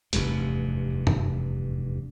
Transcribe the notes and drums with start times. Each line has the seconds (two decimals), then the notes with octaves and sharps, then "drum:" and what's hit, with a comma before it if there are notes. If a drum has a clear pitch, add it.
0.13 F1 E2 G2, drum: hi-hat
1.07 drum: tom